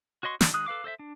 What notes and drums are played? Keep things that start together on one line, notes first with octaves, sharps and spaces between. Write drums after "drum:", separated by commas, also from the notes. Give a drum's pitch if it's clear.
F#4 C#5 D#5 C6 C#6
D3 F#3 D4 D5, drum: snare
D#3 G#3 D#6 F#6
A4 B4 F5 D6
A4 C5 D#5 E5
D4